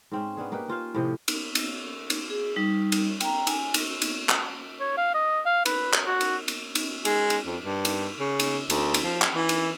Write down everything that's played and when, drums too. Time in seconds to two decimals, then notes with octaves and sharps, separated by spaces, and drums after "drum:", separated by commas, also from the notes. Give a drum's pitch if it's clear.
0.12 G#2 C4 C#4
0.37 B3 C#4 D4 G#4
0.52 A#3 D#4 G4 B4
0.68 C#4 F4 C5 F5
0.95 A2 C3 F3 D#5
1.28 drum: cymbal
1.55 drum: cymbal
2.10 drum: cymbal
2.30 G#4
2.56 G3 D#4
2.92 drum: cymbal
3.20 G5 A#5, drum: cymbal
3.47 G#5, drum: cymbal
3.74 drum: cymbal
4.02 drum: cymbal
4.29 drum: clap
4.80 C#5
4.98 F5
5.14 D#5
5.46 F5
5.65 B4, drum: cymbal
5.93 drum: clap
6.07 F#4
6.21 drum: cymbal
6.48 drum: cymbal
6.75 drum: cymbal
7.05 G#3, drum: cymbal
7.30 drum: cymbal
7.46 F2
7.63 G2
7.85 drum: cymbal
8.20 C#3
8.40 drum: cymbal
8.70 D2, drum: cymbal
8.94 drum: cymbal
9.03 F3
9.22 drum: clap
9.34 E3
9.49 drum: cymbal